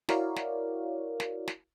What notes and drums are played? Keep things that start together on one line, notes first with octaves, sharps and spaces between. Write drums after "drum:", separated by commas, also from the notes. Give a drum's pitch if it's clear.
E4 F#4 A#4 C#5 D5 F5, drum: snare
drum: snare
drum: snare
drum: snare